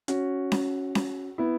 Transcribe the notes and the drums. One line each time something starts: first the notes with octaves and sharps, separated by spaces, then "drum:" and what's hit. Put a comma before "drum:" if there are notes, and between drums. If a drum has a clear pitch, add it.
C#4 F#4, drum: hi-hat
drum: snare C#4
drum: snare C#4
B3 E4